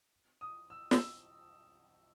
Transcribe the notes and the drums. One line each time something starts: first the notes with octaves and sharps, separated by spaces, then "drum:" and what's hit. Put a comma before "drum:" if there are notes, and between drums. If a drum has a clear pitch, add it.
D#6
E6
E6, drum: snare